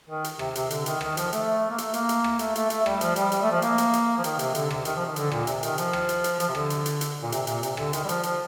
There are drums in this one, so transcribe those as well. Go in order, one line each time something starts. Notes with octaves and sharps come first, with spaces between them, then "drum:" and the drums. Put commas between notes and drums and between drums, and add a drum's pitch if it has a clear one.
D#3
drum: hi-hat
C3, drum: rim click
C3, drum: hi-hat
D3, drum: hi-hat
D#3, drum: hi-hat
D#3, drum: rim click
F3, drum: hi-hat
A3, drum: hi-hat
A#3
A3, drum: hi-hat
A#3, drum: hi-hat
drum: hi-hat
drum: rim click
A3, drum: hi-hat
A3, drum: hi-hat
A3, drum: hi-hat
G3, drum: rim click
F3, drum: hi-hat
G3, drum: hi-hat
G3, drum: hi-hat
A3
F3
A#3, drum: hi-hat
drum: hi-hat
drum: hi-hat
F3
D#3, drum: hi-hat
C3, drum: hi-hat
D3, drum: hi-hat
C3, drum: rim click
D#3, drum: hi-hat
F3
D#3
D3, drum: hi-hat
A#2, drum: rim click
C3, drum: hi-hat
D#3, drum: hi-hat
F3, drum: hi-hat
drum: rim click
drum: hi-hat
drum: hi-hat
F3, drum: hi-hat
C3
D3, drum: rim click
drum: hi-hat
drum: hi-hat
drum: hi-hat
A#2
C3, drum: hi-hat
A#2, drum: hi-hat
C3, drum: hi-hat
D3, drum: rim click
D#3, drum: hi-hat
G3
F3, drum: hi-hat
F3, drum: hi-hat